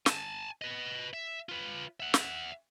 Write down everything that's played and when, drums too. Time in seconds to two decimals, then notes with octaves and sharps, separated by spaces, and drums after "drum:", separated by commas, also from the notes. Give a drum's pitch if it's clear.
0.06 G#5 A5, drum: snare
0.62 B4 D#5
1.14 E5
1.49 F4 B4
2.00 E5 F#5
2.14 drum: snare